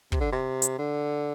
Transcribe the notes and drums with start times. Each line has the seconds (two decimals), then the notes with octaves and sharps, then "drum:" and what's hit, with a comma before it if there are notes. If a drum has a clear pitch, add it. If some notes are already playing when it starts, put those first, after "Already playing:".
0.12 C3, drum: kick
0.20 D3
0.32 C3
0.62 drum: hi-hat
0.78 D3